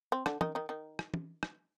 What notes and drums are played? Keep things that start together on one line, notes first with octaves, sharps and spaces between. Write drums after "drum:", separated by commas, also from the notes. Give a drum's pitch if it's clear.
C4
D3 D4, drum: rim click
D#3 D#4, drum: tom
D#3 D#4
D#3 D#4
drum: rim click
drum: tom
drum: rim click